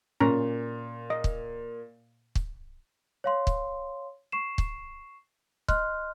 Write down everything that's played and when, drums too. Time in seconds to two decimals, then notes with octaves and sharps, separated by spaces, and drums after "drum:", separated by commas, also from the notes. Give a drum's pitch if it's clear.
0.20 A#2 C#4 A#5
1.10 D#5
1.24 drum: kick
2.35 drum: kick
3.24 C#5 F5 C6
3.47 drum: kick
4.32 C#6 C7 E7
4.58 drum: kick
5.68 D#5 C6 F6 F#6, drum: kick